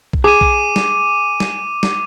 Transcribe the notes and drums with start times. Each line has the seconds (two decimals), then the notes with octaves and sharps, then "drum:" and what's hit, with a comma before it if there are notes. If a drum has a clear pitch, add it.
0.13 drum: kick B1
0.24 G#4 D6 D#7
0.41 drum: kick B1
0.76 drum: snare
1.40 drum: snare
1.83 drum: snare